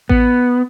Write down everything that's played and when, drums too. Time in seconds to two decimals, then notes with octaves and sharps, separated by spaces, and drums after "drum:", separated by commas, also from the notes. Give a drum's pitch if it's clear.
0.09 B3, drum: kick A1